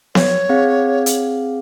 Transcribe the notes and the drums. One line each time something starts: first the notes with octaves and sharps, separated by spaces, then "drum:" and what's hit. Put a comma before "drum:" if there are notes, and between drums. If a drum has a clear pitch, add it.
C#5, drum: snare B3
C4 G#4 F5
drum: hi-hat